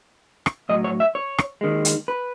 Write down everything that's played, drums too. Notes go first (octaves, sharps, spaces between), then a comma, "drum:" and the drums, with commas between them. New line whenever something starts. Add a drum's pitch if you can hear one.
drum: rim click
A2 F#3 D#5
C#5
E5
C#5
drum: rim click
D#2 D#3 G#3
drum: hi-hat
B4